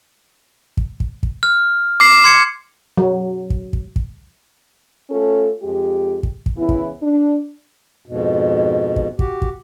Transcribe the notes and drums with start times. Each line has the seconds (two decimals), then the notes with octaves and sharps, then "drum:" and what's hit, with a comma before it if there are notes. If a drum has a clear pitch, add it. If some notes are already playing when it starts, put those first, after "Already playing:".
0.77 drum: kick
1.00 drum: kick
1.23 drum: kick
1.43 F6
2.00 D6 C7
2.24 C6 G#6 C#7
2.98 F#3
3.50 drum: kick
3.73 drum: kick
3.96 drum: kick
5.10 A3 C#4 F4 A4
5.62 F2 G#3 G4
6.23 drum: kick
6.46 drum: kick
6.57 C#3 E3 B3 E4
6.69 drum: kick
7.02 D4
8.06 F2 G#2 B2
8.96 drum: kick
9.19 F#4 G4, drum: kick
9.42 drum: kick